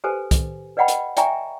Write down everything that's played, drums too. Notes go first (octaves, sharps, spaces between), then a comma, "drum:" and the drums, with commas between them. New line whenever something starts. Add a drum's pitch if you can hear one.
G4 A4 B4 C5 G#5
drum: kick, hi-hat
B4 D5 D#5 F#5 G5 B5
drum: hi-hat
D5 E5 G5 G#5 A#5 C#6, drum: hi-hat